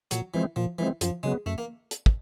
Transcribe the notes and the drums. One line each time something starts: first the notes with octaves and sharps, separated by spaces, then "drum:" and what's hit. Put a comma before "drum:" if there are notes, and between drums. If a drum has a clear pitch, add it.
A#2 F#3, drum: hi-hat
E3 F3 G#3 C4
A#2 F3
E3 F3 G#3 C4
F#2 F3, drum: hi-hat
C#3 F#3 G#3 B3
F#2 A3
A#3
drum: hi-hat
drum: kick